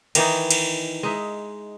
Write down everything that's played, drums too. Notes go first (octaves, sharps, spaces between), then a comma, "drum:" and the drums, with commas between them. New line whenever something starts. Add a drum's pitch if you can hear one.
D#3 E3 D#4, drum: cymbal
drum: cymbal
G#3 D#4 E5